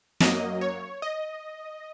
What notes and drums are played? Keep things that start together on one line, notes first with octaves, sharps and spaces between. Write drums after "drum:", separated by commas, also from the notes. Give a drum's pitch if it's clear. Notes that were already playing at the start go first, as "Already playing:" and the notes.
F#2 F#3 A#3 D#5, drum: snare
C#5
D#5